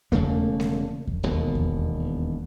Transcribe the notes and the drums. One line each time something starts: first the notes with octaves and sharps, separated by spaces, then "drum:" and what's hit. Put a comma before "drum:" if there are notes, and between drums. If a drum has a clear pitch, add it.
E1 C#3 A3 A#3, drum: kick E2
drum: snare G#3
drum: kick E2
E1 D#2 B2
drum: kick E2